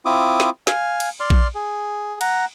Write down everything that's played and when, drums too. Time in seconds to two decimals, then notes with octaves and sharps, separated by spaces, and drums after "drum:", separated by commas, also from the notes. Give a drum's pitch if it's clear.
0.06 C4 E4 F4 D6 D#6
0.40 drum: snare
0.67 F5 G#5, drum: snare
1.00 drum: cymbal
1.20 D5 C6 F6
1.30 drum: kick A#1
1.55 G#4
2.21 F#5 A#5, drum: cymbal